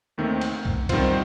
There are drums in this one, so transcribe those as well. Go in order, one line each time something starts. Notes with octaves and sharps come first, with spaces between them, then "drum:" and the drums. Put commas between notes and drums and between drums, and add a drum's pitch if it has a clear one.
D#2 D#3 A3 C4
drum: cymbal
drum: kick B1
D#3 G3 C4 F4 C5, drum: kick B1, cymbal